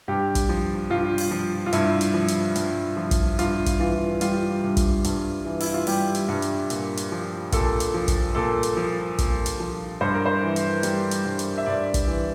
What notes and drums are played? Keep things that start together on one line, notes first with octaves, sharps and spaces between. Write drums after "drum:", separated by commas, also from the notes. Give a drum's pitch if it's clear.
G2 G4
drum: kick, hi-hat
F3
G2 F4
drum: open hi-hat
F3
F4
G2 E4, drum: hi-hat
drum: hi-hat
F3
drum: hi-hat
G2, drum: hi-hat
F3
drum: kick, hi-hat
G2 F4, drum: hi-hat
drum: kick, hi-hat
E3 F4
G3 F4, drum: hi-hat
G2
drum: kick, hi-hat
G2, drum: hi-hat
E3
E4, drum: open hi-hat
F4
G3 G4, drum: open hi-hat
drum: hi-hat
G2
drum: hi-hat
A#2, drum: hi-hat
drum: hi-hat
F3
A#2 A4, drum: kick, hi-hat
drum: hi-hat
F3
drum: kick, hi-hat
A#2 A4
drum: hi-hat
F3
A#2, drum: kick, hi-hat
drum: hi-hat
F3
G2 C5
A#4
C5
E3
drum: hi-hat
G3, drum: hi-hat
drum: hi-hat
G2
drum: hi-hat
E5
G2 D5
drum: kick, hi-hat
E3